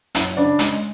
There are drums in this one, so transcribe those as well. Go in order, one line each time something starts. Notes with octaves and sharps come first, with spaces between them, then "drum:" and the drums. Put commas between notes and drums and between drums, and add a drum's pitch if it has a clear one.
F#2 E4, drum: hi-hat
C#3 D4
G#3, drum: hi-hat